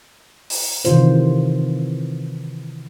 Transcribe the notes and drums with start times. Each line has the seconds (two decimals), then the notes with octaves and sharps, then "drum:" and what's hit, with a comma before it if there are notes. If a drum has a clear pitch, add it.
0.50 drum: open hi-hat
0.85 C3 D#3 E3 F4 C5, drum: hi-hat